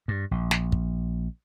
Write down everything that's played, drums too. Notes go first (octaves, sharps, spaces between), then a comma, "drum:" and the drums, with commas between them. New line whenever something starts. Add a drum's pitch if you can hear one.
G2
A#1
drum: snare
drum: kick